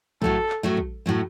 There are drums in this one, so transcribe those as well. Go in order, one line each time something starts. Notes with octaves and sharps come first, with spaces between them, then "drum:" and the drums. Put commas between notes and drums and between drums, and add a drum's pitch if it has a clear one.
A2 F#3 A3 A4, drum: kick
drum: clap
A2 F#3 A3
drum: kick
A2 F#3 A3